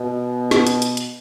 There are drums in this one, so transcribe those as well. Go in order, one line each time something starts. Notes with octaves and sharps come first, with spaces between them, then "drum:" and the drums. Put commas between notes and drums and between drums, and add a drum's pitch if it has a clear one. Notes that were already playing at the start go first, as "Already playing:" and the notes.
Already playing: B2
drum: snare
drum: hi-hat
drum: hi-hat
drum: hi-hat